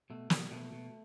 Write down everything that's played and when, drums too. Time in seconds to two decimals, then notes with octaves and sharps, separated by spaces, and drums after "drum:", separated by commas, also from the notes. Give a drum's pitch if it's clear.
0.10 B2 A3
0.30 B2 G3, drum: snare
0.51 B2 A3
0.72 B2